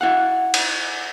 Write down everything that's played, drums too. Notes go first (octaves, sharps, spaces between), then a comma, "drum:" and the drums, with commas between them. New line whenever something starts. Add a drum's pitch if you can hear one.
E4 F5 F#5
drum: cymbal